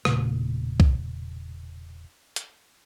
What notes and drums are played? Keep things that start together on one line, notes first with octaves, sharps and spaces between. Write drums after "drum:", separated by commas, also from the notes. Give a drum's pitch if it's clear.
E1 A#2 C#3 A3, drum: rim click
drum: kick C2
drum: hi-hat